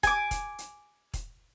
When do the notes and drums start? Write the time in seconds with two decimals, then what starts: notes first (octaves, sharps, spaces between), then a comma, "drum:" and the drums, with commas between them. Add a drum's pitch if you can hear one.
0.03 G#5 D6, drum: kick E1, hi-hat
0.31 drum: kick E1, hi-hat
0.58 drum: hi-hat
1.14 drum: kick E1, hi-hat